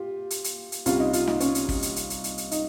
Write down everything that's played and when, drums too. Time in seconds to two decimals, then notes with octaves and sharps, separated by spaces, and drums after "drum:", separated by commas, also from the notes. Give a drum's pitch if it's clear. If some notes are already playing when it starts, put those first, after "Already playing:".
Already playing: F4 G4
0.31 drum: hi-hat
0.44 drum: hi-hat
0.72 drum: hi-hat
0.86 C2 C3 G3 C#4 F4, drum: hi-hat
1.00 D#4
1.13 F4, drum: hi-hat
1.28 D#4, drum: snare
1.40 C#4, drum: hi-hat
1.55 drum: hi-hat
1.69 drum: kick, open hi-hat
1.82 drum: hi-hat
1.96 drum: hi-hat
2.10 drum: hi-hat
2.24 drum: hi-hat
2.38 drum: hi-hat
2.51 D#4, drum: hi-hat